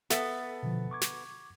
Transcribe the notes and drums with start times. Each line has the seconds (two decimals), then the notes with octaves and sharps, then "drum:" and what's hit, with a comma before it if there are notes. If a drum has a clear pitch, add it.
0.10 B3 A4 E5, drum: snare
0.63 B2 D3 F3
0.91 C#6 D6 G#6
1.01 drum: snare